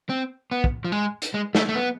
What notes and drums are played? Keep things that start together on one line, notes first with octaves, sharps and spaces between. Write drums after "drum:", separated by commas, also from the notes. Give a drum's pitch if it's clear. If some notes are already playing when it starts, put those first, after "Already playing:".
C4
B3
drum: kick
F3
G#3
drum: hi-hat
G#3
A3, drum: snare
A3
B3